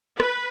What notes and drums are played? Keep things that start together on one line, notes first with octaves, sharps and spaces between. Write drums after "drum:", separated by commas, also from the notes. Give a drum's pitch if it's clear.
B4, drum: rim click